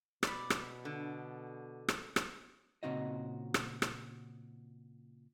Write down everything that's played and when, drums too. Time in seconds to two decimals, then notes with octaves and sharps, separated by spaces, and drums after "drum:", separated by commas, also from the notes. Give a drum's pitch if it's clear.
0.23 B2 D5 B5, drum: rim click
0.50 drum: rim click
0.85 D3
1.88 drum: rim click
2.16 drum: rim click
2.83 A#2 C#3 C4 D#4 F#4 D#5
3.54 drum: rim click
3.82 drum: rim click